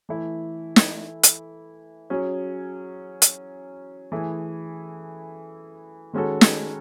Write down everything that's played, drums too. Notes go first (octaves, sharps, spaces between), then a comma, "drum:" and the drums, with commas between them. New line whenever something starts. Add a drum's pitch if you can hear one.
E3 A3 E4
drum: snare
drum: hi-hat
F#3 C#4 G#4
drum: hi-hat
E3 A3 E4 G#4
D#3 G#3 C#4 F#4 A4
drum: snare